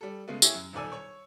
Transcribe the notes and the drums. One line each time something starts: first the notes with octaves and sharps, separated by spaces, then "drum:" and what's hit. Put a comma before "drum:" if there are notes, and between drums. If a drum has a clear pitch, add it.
G3 A4
C#3 G#3 A3 B3
E4 G4 G#4 C#5 E5, drum: tambourine
F#2
D#1 B1 A4 D5 G#5 E6
C#5 C#6